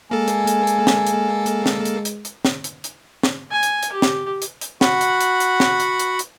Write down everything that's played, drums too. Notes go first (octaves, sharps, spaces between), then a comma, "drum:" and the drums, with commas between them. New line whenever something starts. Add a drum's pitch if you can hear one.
G#3 A#3 A4 G#5
drum: hi-hat
drum: hi-hat
drum: hi-hat
drum: snare
drum: hi-hat
drum: hi-hat
drum: snare
drum: hi-hat
drum: hi-hat
drum: hi-hat
drum: snare
drum: hi-hat
drum: hi-hat
drum: snare
G#5
drum: hi-hat
drum: hi-hat
G4
drum: snare
drum: hi-hat
drum: hi-hat
F#4 F#5 B5, drum: snare
drum: hi-hat
drum: hi-hat
drum: hi-hat
drum: snare
drum: hi-hat
drum: hi-hat
drum: hi-hat